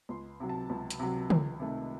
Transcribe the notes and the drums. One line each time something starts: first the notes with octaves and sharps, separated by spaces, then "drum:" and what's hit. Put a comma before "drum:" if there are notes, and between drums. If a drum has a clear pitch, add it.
C#2 C6
C3 F#3
A5
C#2
drum: hi-hat
C3 F#3
C#2, drum: tom
C3 D#3 A3